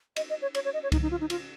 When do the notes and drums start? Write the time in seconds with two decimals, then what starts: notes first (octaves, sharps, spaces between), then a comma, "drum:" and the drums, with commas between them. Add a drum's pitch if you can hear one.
0.16 D#5, drum: cymbal
0.30 D#5
0.42 C#5
0.55 C#5, drum: cymbal
0.65 C#5
0.74 D#5
0.83 C#5
0.92 D#4, drum: kick C2, cymbal
1.02 D#4
1.11 F4
1.21 D#4
1.30 F4, drum: cymbal